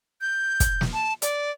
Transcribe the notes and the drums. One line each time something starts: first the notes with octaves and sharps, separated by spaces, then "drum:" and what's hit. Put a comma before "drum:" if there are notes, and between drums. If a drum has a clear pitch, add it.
G6
drum: kick, hi-hat
drum: snare
A5
D5, drum: hi-hat